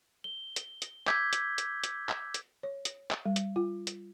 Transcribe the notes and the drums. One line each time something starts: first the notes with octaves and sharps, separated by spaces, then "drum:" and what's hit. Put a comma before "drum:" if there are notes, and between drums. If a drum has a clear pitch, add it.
G7
drum: hi-hat
drum: hi-hat
D6 E6 G6 G#6 B6, drum: clap
drum: hi-hat
drum: hi-hat
drum: hi-hat
drum: clap
drum: hi-hat
C#5
drum: hi-hat
drum: clap
G3
drum: hi-hat
F4
drum: hi-hat